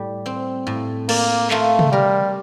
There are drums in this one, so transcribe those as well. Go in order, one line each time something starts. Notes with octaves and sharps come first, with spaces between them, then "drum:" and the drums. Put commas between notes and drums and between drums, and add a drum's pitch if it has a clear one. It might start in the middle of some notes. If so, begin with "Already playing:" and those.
Already playing: A2 G3
C4
A2
A#3 D5, drum: cymbal
A3 F4, drum: clap
drum: tom C3
G3 A#4